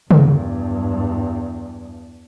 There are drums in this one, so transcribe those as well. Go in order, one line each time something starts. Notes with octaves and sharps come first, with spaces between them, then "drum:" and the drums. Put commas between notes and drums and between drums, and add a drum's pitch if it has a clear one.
E2 G2, drum: tom